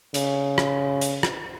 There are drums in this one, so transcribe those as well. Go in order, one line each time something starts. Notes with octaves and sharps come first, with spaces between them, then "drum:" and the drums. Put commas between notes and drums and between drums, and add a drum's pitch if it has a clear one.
C#3, drum: hi-hat
drum: rim click
drum: hi-hat
drum: rim click